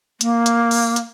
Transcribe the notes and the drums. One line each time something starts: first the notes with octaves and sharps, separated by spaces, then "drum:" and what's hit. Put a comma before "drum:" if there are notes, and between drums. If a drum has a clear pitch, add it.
A#3, drum: hi-hat
drum: hi-hat
drum: open hi-hat
drum: hi-hat